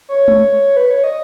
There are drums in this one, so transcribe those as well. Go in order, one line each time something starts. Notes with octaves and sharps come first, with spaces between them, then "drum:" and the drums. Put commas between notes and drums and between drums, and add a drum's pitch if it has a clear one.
C#5
drum: tom G#3
B4
C#5
D#5